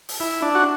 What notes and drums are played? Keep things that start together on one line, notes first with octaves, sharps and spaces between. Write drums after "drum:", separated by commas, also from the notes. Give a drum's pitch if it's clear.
drum: open hi-hat
E4
D4
F#4